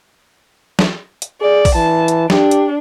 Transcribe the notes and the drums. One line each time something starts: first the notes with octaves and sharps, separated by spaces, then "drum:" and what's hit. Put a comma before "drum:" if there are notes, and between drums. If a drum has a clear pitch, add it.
drum: snare
drum: hi-hat
G#4 D5
drum: kick, open hi-hat
E3 A5
drum: hi-hat
D4 G4, drum: snare
drum: hi-hat